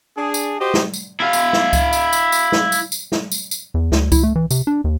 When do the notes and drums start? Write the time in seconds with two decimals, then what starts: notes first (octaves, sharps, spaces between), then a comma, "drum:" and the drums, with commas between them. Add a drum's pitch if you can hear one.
0.17 D4 G#4
0.34 drum: tambourine
0.59 F#4 G4 C5 D#5
0.74 drum: snare
0.94 drum: tambourine
1.20 E4 F5
1.33 drum: tambourine
1.53 drum: snare
1.73 drum: kick C#2, tambourine
1.93 drum: tambourine
2.13 drum: tambourine
2.32 drum: tambourine
2.52 drum: snare
2.72 drum: tambourine
2.92 drum: tambourine
3.12 drum: snare
3.32 drum: tambourine
3.51 drum: tambourine
3.74 E2
3.92 D2, drum: snare
4.12 E4, drum: kick C#2, tambourine
4.23 A3
4.35 E3
4.51 C3, drum: tambourine
4.67 D4
4.84 D#2